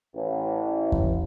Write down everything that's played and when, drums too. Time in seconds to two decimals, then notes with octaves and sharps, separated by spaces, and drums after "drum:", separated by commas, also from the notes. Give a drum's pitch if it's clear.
0.14 A1
0.92 drum: kick E2